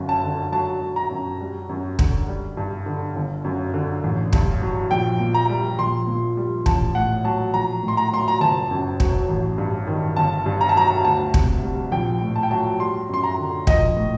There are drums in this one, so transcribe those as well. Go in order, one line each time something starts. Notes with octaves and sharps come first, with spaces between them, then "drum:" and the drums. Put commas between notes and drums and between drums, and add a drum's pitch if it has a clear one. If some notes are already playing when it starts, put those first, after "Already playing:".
Already playing: G1 F#2
A5
D3
F#3 A5
F#3
A#5
F#2
G3
F#2
D3, drum: kick
G3
G2
D3
G1
F#2
D3
A1
G2, drum: kick
F#3
A#1 G5
A#2
A#5
G3
A#1 C6
A#2
G3
A1 A5, drum: kick
A2 F#5
F#3 A5
A#1 A#5
A2
C6
A#5
F#3 C6
A#5
F#1 A5
F#2
F#3, drum: kick
A1
G2
D#3
G1 A5
G2
A#5
A5
F#3 A#5
D2 A5
C3, drum: kick
G3
A#1 G5
A2
A5
G5
F#3 A5
G3 C6
F#2 C6
A#5
D3
A#1 D#5, drum: kick
A2